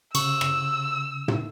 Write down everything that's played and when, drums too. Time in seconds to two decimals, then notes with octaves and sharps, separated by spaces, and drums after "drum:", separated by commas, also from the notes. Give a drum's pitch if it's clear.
0.15 C#3 C#6 E6, drum: cymbal
0.41 drum: rim click
1.28 drum: tom